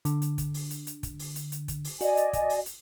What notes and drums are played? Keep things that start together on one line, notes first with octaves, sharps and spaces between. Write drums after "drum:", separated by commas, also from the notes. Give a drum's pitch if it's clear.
D3, drum: hi-hat
drum: hi-hat
drum: kick, hi-hat
drum: open hi-hat
drum: hi-hat
drum: hi-hat
drum: kick, hi-hat
drum: open hi-hat
drum: hi-hat
drum: hi-hat
drum: kick, hi-hat
drum: open hi-hat
F#4 D5 D#5 G#5, drum: hi-hat
drum: hi-hat
drum: kick, hi-hat
drum: open hi-hat
drum: hi-hat